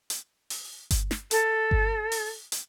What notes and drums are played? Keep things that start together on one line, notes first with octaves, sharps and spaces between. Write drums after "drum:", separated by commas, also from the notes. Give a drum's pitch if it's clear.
drum: hi-hat
drum: open hi-hat
drum: kick G1, hi-hat
drum: snare
A4, drum: hi-hat
drum: kick G1
drum: open hi-hat
drum: hi-hat